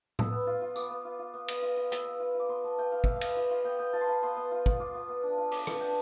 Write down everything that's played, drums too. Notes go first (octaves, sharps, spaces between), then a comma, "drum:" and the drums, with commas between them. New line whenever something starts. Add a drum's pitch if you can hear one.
B3 E6, drum: tom A2
B3
F4
F4
B3 D6, drum: tambourine
B3
F4
F4
B3
B3, drum: cymbal
F4
F4
B3 E6, drum: hi-hat
B3
F4
F4 D6
B3 C6
B3 A5
F4 G5
F4 F5
B3 E5, drum: kick
F5
B3, drum: cymbal
F4
F4
B3 G5
B3 G5
F4 A5
C6
F4 B5
B3 C6
B3
F4
F4, drum: kick
F4 D6
B3
B3
D4
F4
B3 D6, drum: open hi-hat
B3, drum: rim click
D4 G5